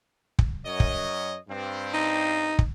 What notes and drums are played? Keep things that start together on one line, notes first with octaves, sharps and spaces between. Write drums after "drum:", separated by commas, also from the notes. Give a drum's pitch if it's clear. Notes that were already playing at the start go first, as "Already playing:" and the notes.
drum: kick
F#2 C#5 D#5
drum: kick
G2 C4
D#4
drum: kick